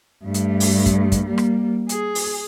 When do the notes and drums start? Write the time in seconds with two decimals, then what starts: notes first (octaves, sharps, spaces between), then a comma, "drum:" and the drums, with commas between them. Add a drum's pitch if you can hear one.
0.24 G2 A3
0.34 drum: hi-hat
0.60 drum: open hi-hat
0.86 drum: kick, hi-hat
1.12 drum: kick, hi-hat
1.26 G3 A#3
1.38 drum: rim click
1.89 G#4, drum: hi-hat
2.15 drum: open hi-hat